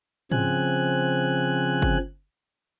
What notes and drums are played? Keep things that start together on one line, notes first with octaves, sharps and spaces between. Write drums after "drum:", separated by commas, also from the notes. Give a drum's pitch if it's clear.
C#3 F3 C4 G#5 F#6, drum: tom G#2
drum: kick G1